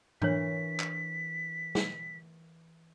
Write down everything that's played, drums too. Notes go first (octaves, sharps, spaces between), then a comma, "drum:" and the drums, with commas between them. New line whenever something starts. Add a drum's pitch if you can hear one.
E3 D4 A#4 C#5 C#6 B6, drum: tom G#2
drum: clap
drum: snare